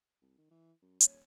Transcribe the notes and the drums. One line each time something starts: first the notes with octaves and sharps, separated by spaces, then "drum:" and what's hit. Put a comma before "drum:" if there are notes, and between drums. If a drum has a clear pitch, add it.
C2
D#3
E3
F#2
D#1 C#5, drum: hi-hat